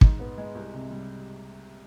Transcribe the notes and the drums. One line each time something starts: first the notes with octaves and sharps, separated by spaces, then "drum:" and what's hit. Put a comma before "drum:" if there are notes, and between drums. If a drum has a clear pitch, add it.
G#2, drum: kick
B3
G#3
C2
C3
G3